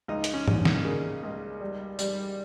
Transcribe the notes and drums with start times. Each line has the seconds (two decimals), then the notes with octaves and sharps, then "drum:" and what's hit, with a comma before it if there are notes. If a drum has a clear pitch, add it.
0.08 C#2 D#4
0.24 drum: hi-hat
0.34 C#4
0.48 G3, drum: tom
0.65 drum: snare
0.85 C#3 A#3
1.23 C#2
1.61 G3
1.99 G3, drum: tambourine